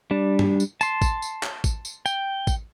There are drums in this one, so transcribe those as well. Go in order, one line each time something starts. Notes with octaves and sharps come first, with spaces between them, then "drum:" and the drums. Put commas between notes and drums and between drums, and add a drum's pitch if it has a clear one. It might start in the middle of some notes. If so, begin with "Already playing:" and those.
G3 D4
drum: tom
drum: tambourine
A5 C6, drum: tambourine
drum: kick, tambourine
drum: tambourine
drum: clap
drum: kick, tambourine
drum: tambourine
G5, drum: tambourine
drum: kick, tambourine